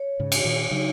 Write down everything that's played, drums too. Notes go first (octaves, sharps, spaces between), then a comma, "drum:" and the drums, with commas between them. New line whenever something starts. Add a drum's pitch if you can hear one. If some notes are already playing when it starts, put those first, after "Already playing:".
Already playing: C#5
G#2 C#3
F#4, drum: cymbal
A#2 D#3
C#3 F#3 D#4